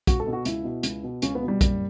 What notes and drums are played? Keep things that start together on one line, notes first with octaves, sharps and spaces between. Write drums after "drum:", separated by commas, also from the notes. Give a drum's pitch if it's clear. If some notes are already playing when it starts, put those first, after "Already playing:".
C#2 F#4, drum: kick, hi-hat
A4
B2
F#4
C#2 E4, drum: hi-hat
B2
C#2, drum: hi-hat
B2
C#2 C#4, drum: hi-hat
B3
B2
G3
F#1, drum: kick, hi-hat